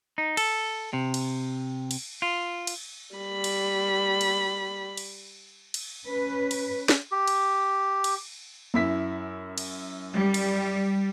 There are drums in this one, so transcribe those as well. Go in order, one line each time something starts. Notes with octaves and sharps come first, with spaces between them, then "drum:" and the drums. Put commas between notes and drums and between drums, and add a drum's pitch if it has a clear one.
D#4
A4, drum: cymbal
C3
drum: cymbal
drum: cymbal
F4
drum: cymbal
G3 B5
drum: cymbal
drum: cymbal
drum: cymbal
drum: cymbal
C#4 B4
drum: cymbal
drum: snare
G4
drum: cymbal
drum: cymbal
F#2 E4 B6
drum: cymbal
G3
drum: cymbal